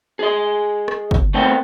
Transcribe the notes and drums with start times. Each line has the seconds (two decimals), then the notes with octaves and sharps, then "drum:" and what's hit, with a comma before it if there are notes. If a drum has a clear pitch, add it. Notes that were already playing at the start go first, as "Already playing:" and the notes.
0.19 G#4 D#5
0.88 drum: rim click
1.11 drum: kick
1.34 A3 B3 C4 A#4 G5